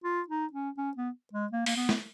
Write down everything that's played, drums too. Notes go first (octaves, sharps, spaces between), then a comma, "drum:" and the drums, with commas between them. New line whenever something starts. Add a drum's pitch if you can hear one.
F4
D#4
C#4
C#4
B3
G#3
A#3
A#3, drum: open hi-hat
B3
drum: snare